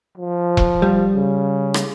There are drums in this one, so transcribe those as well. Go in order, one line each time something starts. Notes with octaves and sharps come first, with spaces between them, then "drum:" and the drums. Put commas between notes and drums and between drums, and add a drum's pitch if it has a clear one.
F3
drum: kick E1
G3
C#3
drum: rim click